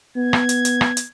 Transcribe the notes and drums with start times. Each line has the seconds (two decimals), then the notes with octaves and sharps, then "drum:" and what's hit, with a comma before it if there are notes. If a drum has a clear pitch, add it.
0.17 B3 G#6
0.33 drum: rim click
0.49 drum: hi-hat
0.65 drum: hi-hat
0.81 drum: rim click
0.97 drum: hi-hat